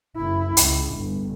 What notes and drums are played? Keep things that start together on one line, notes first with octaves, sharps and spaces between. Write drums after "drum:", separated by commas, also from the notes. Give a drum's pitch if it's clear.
F#1 E4
C#2, drum: hi-hat
G1